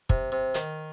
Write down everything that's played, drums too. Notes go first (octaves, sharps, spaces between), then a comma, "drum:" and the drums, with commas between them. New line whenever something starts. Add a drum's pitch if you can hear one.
C3, drum: kick
C3
D#3, drum: hi-hat